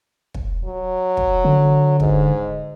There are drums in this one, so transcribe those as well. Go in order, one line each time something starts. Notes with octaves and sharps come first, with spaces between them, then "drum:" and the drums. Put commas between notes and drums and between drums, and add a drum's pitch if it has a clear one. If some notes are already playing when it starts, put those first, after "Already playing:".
drum: kick
F#3
drum: kick
D3
G#2, drum: kick